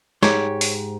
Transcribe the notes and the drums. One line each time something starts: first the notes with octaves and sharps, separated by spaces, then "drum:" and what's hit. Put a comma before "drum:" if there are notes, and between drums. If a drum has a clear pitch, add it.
G#2 G4 C5 C#5, drum: snare
drum: open hi-hat